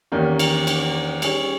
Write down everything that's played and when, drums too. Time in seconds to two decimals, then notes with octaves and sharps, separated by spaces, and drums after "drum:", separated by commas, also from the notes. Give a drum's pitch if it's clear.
0.12 E2 D#3 A#3 C#4 G4
0.39 drum: cymbal
0.67 drum: cymbal
1.22 G3 C#4 G#4 C#5, drum: cymbal